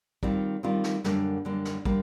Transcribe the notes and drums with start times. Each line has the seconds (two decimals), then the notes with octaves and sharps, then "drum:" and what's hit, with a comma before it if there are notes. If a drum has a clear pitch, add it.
0.23 D#3 G3 C4 F4, drum: kick
0.63 D#3 G3 C4 F4
0.84 drum: snare
1.04 F#2 D3 G3 A#3, drum: snare
1.45 F#2 D3 G3 A#3
1.65 drum: snare
1.85 D3 G3 A#3, drum: kick